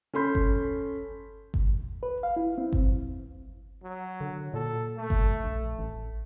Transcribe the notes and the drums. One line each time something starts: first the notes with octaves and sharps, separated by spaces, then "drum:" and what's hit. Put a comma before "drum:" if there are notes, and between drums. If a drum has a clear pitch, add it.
C#4 A4 B5 C6 G6 B6
drum: kick G1
drum: kick G1
B4
F5
E4
C4
drum: kick G1
F#3
D3
A#2 A4
A3
drum: kick G1
A#1
A1